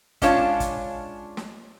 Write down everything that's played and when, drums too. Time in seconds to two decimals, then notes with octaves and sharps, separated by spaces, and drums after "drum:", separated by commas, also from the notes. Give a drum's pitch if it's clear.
0.22 G#3 C#4 D4 F4 C#5 A5, drum: kick, hi-hat
0.60 drum: kick, hi-hat
1.37 drum: snare